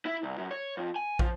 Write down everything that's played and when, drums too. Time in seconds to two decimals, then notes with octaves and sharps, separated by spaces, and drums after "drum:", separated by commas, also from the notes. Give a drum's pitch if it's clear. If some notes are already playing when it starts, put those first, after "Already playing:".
0.05 E4
0.23 C2
0.38 F#2
0.51 C#5
0.77 F2
0.96 G#5
1.19 F3, drum: kick